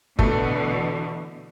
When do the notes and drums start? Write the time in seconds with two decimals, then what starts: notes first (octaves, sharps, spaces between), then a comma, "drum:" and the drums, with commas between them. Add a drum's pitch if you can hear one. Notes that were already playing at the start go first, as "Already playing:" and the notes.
0.19 B2 D3 E3 A3, drum: kick G1